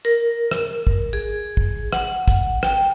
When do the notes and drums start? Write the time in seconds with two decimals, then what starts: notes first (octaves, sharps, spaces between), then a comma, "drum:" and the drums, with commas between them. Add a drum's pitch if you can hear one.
0.05 A#4
0.51 drum: rim click
0.87 drum: kick
1.13 G#4
1.57 drum: kick
1.93 F#5, drum: rim click
2.28 drum: kick, hi-hat
2.63 G5, drum: rim click